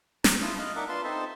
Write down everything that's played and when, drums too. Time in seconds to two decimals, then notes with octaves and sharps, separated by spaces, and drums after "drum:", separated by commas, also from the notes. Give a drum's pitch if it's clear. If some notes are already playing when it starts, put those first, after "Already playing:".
0.24 A#5, drum: snare
0.42 E4 F4 A5 D#6
0.59 D#5 F5 F#6
0.76 D4 D#4 A#4 E5 F#5 D6
0.89 D4 F4 B4 A5 C6
1.04 C4 D#4 A4 C5 E5 A5